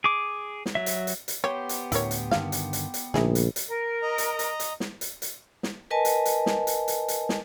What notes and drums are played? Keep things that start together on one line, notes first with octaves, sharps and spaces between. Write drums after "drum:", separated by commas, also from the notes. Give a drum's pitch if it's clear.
G#4 D6
drum: snare
F#3 E5
drum: hi-hat
drum: hi-hat
drum: hi-hat
B3 G4 C5 C#5
drum: hi-hat
D2 A2 E4 A#4 C#5, drum: hi-hat
drum: hi-hat
G2 D3 D#3 F5, drum: snare
drum: hi-hat
drum: hi-hat
drum: hi-hat
A#1 D3 A3 A#3 D#4 E4 G#4, drum: snare
drum: hi-hat
drum: hi-hat
A#4
D#5 A#5
drum: hi-hat
drum: hi-hat
drum: hi-hat
drum: snare
drum: hi-hat
drum: hi-hat
drum: snare
A#4 B4 D#5 G#5 A5
drum: hi-hat
drum: hi-hat
drum: snare
drum: hi-hat
drum: hi-hat
drum: hi-hat
drum: snare